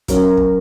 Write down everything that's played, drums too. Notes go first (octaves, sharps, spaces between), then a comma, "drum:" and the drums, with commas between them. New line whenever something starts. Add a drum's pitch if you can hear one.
F#3 C#4 A#4 C#5, drum: kick, hi-hat
drum: kick